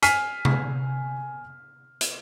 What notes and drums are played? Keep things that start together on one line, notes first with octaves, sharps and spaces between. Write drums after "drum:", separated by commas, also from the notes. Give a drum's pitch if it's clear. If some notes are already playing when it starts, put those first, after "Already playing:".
G#5 F6 B6 C7 D#7, drum: hi-hat
drum: tom C3
drum: hi-hat